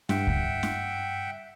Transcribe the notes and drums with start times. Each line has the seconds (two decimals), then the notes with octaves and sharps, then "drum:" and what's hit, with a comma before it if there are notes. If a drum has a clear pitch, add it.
0.09 G2 E5 F#5 G5, drum: snare
0.27 drum: kick C#2
0.63 drum: snare